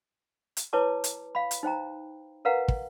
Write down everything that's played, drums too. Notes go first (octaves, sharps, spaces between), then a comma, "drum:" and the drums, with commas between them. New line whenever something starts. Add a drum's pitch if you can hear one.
drum: hi-hat
E4 B4 C#5 A5 D6
drum: hi-hat
F5 B5
drum: hi-hat
D#4 C5 G5 A#5
A#4 B4 F5 F#5 A#5
drum: kick